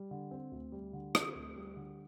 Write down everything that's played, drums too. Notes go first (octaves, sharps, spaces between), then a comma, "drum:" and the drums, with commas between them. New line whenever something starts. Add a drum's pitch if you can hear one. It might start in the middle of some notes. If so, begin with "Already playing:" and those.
Already playing: G3
D3
C4
D2
G3
D3
C4, drum: rim click
D2
G3
D3